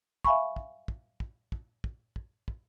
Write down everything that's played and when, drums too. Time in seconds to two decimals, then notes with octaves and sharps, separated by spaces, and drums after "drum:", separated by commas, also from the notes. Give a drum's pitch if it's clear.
0.25 E5 F5 G#5 B5 C#6, drum: kick
0.56 drum: kick
0.88 drum: kick
1.20 drum: kick
1.52 drum: kick
1.84 drum: kick
2.16 drum: kick
2.48 drum: kick